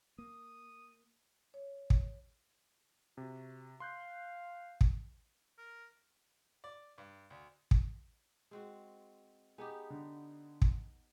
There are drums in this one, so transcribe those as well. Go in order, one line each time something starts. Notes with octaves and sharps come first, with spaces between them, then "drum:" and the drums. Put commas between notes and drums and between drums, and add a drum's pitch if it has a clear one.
A#3 D#6
C#5
drum: kick
C3 F#4
F5 C6 F#6 G6
drum: kick
A#4
D5
G2
D2
drum: kick
G#3 C4 F#4
B3 D#4 G4 G#4
D3
drum: kick